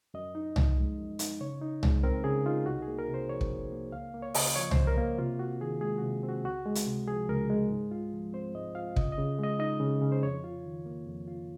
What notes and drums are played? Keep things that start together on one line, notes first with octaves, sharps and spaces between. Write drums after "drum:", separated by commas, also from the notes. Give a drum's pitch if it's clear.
F#2 D#5
D#4
F3, drum: tom C2
G#3
F#2
D#4, drum: hi-hat
C#3 C#5
D#4
G#3, drum: tom C2
C4 A#4
C#3 G#4
D#4 F4
C2 F#4
G#4
A#3
A#4
C3
C5
F3 C#5
drum: kick
C2
A#3
C#2 F5
A#3
C#5
C#3 D#5, drum: open hi-hat
F3 C#5
C5, drum: tom C2
C#2
A#4
A#3
C3 F4
C4 F#4
D#3 G#4
G#3 G#4
C3 F#4
C4
F#4
C#2 F#4
G#3
drum: hi-hat
C3
F3 G#4
C#2 A#4
G#3
G#2
F4
F3
C4 C5
G#2 D#5
F4 F5
C#3 D#5, drum: kick
D#5
C#3
G#3 D#5
D#4 D#5
C#3
C#3
C5
F2 C#5
F4
D#3
A#3
F2
F4